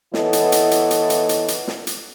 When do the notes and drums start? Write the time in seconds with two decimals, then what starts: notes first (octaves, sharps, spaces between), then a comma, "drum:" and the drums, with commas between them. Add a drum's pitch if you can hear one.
0.14 E3 B3 E4 A4 C#5 D#5, drum: snare
0.33 drum: hi-hat
0.52 drum: hi-hat
0.71 drum: hi-hat
0.91 drum: hi-hat
1.10 drum: hi-hat
1.29 drum: hi-hat
1.48 drum: hi-hat
1.68 drum: snare
1.87 drum: hi-hat